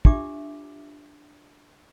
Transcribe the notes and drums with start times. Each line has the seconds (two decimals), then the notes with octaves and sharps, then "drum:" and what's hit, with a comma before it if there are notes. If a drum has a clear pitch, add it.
0.05 D4 F4 G4 E5 D6, drum: kick